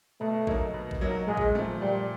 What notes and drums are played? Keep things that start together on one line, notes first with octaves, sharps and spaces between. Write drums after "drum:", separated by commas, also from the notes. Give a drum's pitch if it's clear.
B2 A3
F#3 A#3 D#4, drum: kick A1
B2
drum: kick A1
F#3 A#3 D#4
A#2 G#3
drum: kick A1
F3 A3, drum: tom
A#2 G3